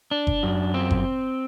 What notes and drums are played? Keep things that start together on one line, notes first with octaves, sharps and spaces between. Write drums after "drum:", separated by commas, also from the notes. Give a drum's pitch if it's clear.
D4
drum: kick F#1
F#2
C4
drum: kick F#1